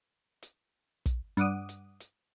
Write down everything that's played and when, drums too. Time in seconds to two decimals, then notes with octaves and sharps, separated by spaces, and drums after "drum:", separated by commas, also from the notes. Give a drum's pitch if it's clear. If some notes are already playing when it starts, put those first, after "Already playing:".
0.42 drum: hi-hat
1.06 drum: kick, hi-hat
1.37 G2 F#5 D6 D#6, drum: hi-hat
1.69 drum: hi-hat
2.00 drum: hi-hat